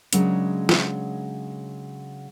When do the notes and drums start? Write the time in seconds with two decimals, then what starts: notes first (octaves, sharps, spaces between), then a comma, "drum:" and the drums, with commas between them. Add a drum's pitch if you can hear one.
0.13 C#3 F#3 G#3 D4 A#4, drum: hi-hat
0.69 drum: snare